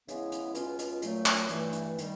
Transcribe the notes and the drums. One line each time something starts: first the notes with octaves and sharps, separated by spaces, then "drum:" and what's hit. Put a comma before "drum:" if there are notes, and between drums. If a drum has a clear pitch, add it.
C#3 E3 G#3 B3 E4, drum: hi-hat
drum: hi-hat
C#2 B2 G#3 C#4 F4, drum: hi-hat
drum: hi-hat
A#2 F#3 A3, drum: hi-hat
drum: clap
G2 E3 A3, drum: hi-hat
drum: hi-hat
D#3 G3, drum: hi-hat